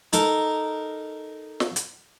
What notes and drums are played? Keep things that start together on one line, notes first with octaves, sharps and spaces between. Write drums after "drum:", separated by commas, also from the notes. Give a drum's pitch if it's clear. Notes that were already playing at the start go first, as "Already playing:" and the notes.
D#4 A4 A#4, drum: hi-hat
drum: snare
drum: hi-hat